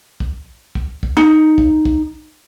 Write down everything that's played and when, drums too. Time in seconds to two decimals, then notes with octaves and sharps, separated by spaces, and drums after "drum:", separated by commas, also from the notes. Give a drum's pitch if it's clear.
0.20 drum: kick
0.75 drum: kick
1.03 drum: kick
1.17 D#4
1.58 drum: kick
1.85 drum: kick